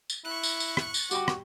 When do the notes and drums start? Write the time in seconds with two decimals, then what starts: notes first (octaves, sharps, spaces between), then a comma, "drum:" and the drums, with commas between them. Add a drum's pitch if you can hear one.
0.10 drum: tambourine
0.25 E4 C#6 F#6
0.43 drum: tambourine
0.60 drum: tambourine
0.77 drum: rim click
0.94 drum: tambourine
1.11 G3 F#4 G5 C#6 D6, drum: tambourine
1.28 drum: rim click